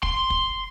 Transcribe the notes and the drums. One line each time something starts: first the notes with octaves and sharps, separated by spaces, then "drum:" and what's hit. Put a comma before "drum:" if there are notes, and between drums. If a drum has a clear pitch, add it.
C6, drum: kick
drum: kick